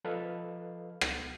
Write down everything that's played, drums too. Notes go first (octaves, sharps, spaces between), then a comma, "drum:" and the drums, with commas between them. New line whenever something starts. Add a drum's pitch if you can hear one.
F3 A4 B4 D#5 F5
drum: rim click